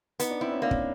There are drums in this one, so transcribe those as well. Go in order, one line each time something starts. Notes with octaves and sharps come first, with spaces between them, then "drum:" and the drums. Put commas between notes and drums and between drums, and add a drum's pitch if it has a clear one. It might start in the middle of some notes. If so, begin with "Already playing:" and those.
B3 D#4, drum: hi-hat
D4
C4 E4
C#4
A#3 D4
C#4, drum: kick